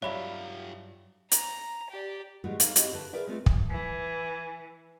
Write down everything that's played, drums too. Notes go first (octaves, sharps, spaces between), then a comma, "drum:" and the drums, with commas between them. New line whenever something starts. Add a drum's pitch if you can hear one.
G2 F#3 F4 G4 C#5 E5 F5 B5
A#5, drum: hi-hat
G4 D5
A2 E3 G3 G#3 F#4
D#4 A4 C5 F5, drum: hi-hat
C4 E4 F#4 G4 D#5, drum: hi-hat
D3 B4 A5
G#4 A#4 B4 D5 E5 G5
G#3 A3 C4 F4 A4
drum: kick
E3 G#5